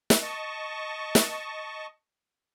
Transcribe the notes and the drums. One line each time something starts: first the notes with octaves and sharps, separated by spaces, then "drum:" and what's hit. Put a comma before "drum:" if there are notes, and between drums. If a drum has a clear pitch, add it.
drum: snare
D#5 A5 C#6
drum: snare